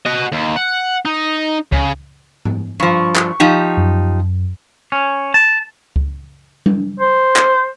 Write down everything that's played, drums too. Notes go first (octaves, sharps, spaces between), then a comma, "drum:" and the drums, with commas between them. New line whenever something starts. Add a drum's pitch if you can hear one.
F#4 D#5
D#2
F#5
D#4
C#3, drum: kick C#2
drum: tom G#2
G2 F3 C#6
drum: clap
F3 D#4 G4
F#2
C#4
A5
drum: kick C#2
drum: tom G3
C5
drum: clap